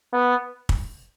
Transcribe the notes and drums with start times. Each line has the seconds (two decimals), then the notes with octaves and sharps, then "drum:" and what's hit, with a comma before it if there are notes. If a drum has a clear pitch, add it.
0.13 B3
0.69 drum: kick